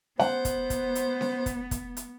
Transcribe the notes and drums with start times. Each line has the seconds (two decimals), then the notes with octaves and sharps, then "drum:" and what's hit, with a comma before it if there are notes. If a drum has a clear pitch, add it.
0.20 B3 C5 F#5, drum: snare C#4
0.45 drum: kick, hi-hat
0.70 drum: kick, hi-hat
0.95 drum: hi-hat
1.21 drum: snare C#4
1.46 drum: kick, hi-hat
1.71 drum: kick, hi-hat
1.97 drum: hi-hat